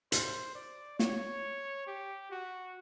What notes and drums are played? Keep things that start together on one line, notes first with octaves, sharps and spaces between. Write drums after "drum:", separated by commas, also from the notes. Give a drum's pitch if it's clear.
C5, drum: hi-hat
D5
C#5, drum: snare
G4
F#4